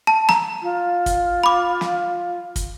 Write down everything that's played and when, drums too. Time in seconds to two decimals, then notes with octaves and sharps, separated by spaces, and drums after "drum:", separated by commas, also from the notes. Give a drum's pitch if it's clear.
0.07 A5
0.29 A#5, drum: snare
0.62 F4
1.06 drum: kick, hi-hat
1.44 B5 D6
1.81 drum: snare
2.56 drum: kick, hi-hat